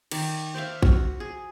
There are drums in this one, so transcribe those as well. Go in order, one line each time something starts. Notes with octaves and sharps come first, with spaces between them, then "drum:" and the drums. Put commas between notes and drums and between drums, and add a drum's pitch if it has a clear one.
D#3 D5, drum: cymbal
C5 D5 E5 F5
F#4, drum: kick A1
G#4